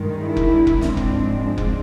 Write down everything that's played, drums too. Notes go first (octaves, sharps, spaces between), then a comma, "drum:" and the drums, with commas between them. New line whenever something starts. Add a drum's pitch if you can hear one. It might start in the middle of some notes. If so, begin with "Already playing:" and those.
Already playing: G2 D#3 G#3
D4 E4
drum: kick F1
drum: kick F1
G#2 F3 G#3 C4 D4, drum: snare
drum: kick F1
C4 D4
drum: kick F1